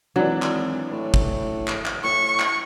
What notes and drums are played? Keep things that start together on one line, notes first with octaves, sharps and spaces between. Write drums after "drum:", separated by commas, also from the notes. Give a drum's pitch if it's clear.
G#1 E3 F#3 D4
drum: clap
A2
drum: kick
drum: clap
drum: clap
A2 C#6
drum: clap